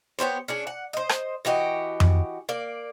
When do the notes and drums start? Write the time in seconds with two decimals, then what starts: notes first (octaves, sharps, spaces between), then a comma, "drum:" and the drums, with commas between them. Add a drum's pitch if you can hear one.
0.19 B3 G4 C5 C#5
0.48 C#4 D4 G#4
0.67 F#5
0.93 C5 D#5
1.09 drum: rim click
1.45 E3 F#4 G4 D#5
2.00 drum: tom F2
2.49 A#3 D5